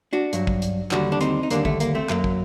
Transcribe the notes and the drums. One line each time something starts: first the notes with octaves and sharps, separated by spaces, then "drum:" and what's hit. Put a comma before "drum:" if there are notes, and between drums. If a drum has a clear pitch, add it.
D4 F#4
G2 F#3, drum: hi-hat
drum: kick
drum: hi-hat
D#2 D3 G3 D4 F#4, drum: clap
D4
C4 D#4, drum: hi-hat
D#4
D#2 D3 G3 A#3 D4, drum: hi-hat
A3, drum: kick
A#3, drum: hi-hat
A3 C4
F#2 F#3 A#3, drum: clap
drum: kick